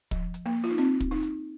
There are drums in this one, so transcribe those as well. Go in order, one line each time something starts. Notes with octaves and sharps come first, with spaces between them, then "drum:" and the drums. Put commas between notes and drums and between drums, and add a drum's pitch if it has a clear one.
F3, drum: kick, hi-hat
drum: hi-hat
A#3
F4
D#4
C4, drum: hi-hat
drum: kick, hi-hat
D#4
drum: hi-hat